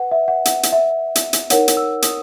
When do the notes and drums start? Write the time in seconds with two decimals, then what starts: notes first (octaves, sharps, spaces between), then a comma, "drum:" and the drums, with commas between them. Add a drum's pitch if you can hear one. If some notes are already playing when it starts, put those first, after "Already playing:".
Already playing: B4 F#5
0.11 E5
0.28 F#5
0.45 F#5, drum: hi-hat
0.63 drum: hi-hat
0.72 E5
1.15 drum: hi-hat
1.33 drum: hi-hat
1.50 D#4 A#4 C#5 F#5, drum: hi-hat
1.68 drum: hi-hat
1.77 E6
2.02 D#6, drum: hi-hat